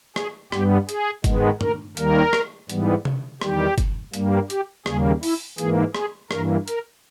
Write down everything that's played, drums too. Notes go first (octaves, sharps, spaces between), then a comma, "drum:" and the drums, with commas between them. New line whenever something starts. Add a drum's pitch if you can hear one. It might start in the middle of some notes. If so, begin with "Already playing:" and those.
G#4, drum: rim click
G2 G3 B3 G4, drum: rim click
G#4, drum: hi-hat
G#2 D#3 G#3 B3, drum: kick, hi-hat
A#4, drum: tom
D#2 D#3 G3 A#3 A#4, drum: hi-hat
drum: rim click
G#2 E3 G3 B3, drum: hi-hat
drum: tom
E2 D#3 G3 G4, drum: rim click
drum: kick, hi-hat
G2 G3 A#3, drum: hi-hat
G4, drum: hi-hat
D#2 C#3 G3 A#3 G#4, drum: rim click
E4, drum: open hi-hat
G#2 E3 A#3 G#4, drum: hi-hat
G#4, drum: rim click
G2 E3 A#3 A#4, drum: rim click
A#4, drum: hi-hat